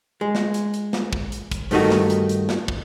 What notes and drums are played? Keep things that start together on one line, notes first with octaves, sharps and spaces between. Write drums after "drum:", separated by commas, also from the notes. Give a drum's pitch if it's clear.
G#3
drum: snare
drum: hi-hat
drum: hi-hat
drum: snare
drum: kick
drum: hi-hat
drum: kick, hi-hat
G2 D#3 A3 D#4 F#4, drum: open hi-hat
drum: snare
drum: hi-hat
drum: hi-hat
drum: snare
drum: kick